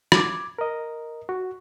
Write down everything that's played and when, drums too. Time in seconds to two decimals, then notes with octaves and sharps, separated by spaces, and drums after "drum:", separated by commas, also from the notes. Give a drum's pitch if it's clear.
0.12 D6 G#6, drum: rim click
0.58 A#4 D#5
1.29 F#4